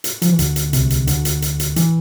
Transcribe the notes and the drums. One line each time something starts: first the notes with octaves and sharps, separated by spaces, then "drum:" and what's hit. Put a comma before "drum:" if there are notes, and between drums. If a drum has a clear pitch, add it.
drum: hi-hat
F3, drum: hi-hat
E3
D2 D3, drum: hi-hat
drum: hi-hat
C2 C3, drum: hi-hat
drum: hi-hat
D2 D3, drum: hi-hat
drum: hi-hat
drum: hi-hat
drum: hi-hat
E3, drum: hi-hat